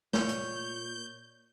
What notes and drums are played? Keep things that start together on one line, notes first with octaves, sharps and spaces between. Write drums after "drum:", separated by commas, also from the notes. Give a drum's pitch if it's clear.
A#2 C#5 G6, drum: snare
drum: hi-hat